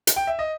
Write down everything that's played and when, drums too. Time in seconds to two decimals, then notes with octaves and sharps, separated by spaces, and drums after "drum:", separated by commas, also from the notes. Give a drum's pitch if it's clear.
0.07 drum: hi-hat
0.16 G5
0.27 E5
0.39 D#5